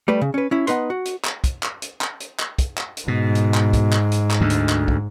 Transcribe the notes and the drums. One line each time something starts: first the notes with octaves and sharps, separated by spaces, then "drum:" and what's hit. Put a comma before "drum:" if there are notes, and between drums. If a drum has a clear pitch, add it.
G3 A3 B4
C#3
C#4 B4
C#4 E4
B3 D#4 B4 C6, drum: hi-hat
F#4
drum: hi-hat
drum: clap
drum: kick, hi-hat
drum: clap
drum: hi-hat
drum: clap
drum: hi-hat
drum: clap
drum: kick, hi-hat
drum: clap
drum: hi-hat
G#2 B2
drum: hi-hat
drum: clap
drum: kick, hi-hat
drum: clap
drum: hi-hat
drum: clap
D2 D3
drum: hi-hat
drum: clap
drum: kick